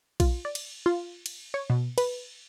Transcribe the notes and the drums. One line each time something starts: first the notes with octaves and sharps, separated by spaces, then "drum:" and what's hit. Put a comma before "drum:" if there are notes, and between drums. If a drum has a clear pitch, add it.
F4, drum: kick A#1, cymbal
D5
drum: cymbal
F4
drum: cymbal
C#5
B2
B4, drum: cymbal